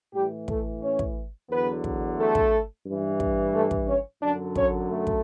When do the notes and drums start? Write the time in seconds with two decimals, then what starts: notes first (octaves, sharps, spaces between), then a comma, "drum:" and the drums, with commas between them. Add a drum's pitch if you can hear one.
0.14 A2 E3 G3 G4
0.48 A3 A4, drum: kick
0.82 C#4 C#5
0.99 drum: kick
1.50 E2 D3 F#3 B3 B4
1.84 drum: kick
2.18 A3 A4
2.35 drum: kick
2.87 G2 E3
3.20 drum: kick
3.53 A3 A4
3.71 drum: kick
3.87 C#4 C#5
4.21 F#2 D3 F#3 D4 D5
4.56 C#4 C#5, drum: kick
4.89 A3 A4
5.07 drum: kick